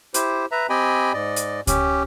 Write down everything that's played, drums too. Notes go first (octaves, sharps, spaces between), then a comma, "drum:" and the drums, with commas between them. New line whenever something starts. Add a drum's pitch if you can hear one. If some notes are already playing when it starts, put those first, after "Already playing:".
E4 G4 C5, drum: hi-hat
B4 E5 A#5
C4 G4 D#5 G5 G#5 B5
G#2 D5 D#5
drum: hi-hat
C#4 G4, drum: kick C#2, hi-hat